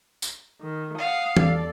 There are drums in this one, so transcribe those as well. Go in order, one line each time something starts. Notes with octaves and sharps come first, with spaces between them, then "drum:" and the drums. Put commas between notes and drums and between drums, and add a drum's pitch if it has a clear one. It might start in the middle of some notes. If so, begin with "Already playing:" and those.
drum: tambourine
D#3
F5 F#5 D#6
E2 A4 D5, drum: tom